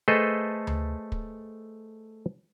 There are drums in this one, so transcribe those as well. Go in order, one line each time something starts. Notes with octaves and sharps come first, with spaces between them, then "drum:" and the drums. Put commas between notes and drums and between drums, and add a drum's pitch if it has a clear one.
A3 G#4 A4 B4 C5 D#5
drum: tom D2
drum: kick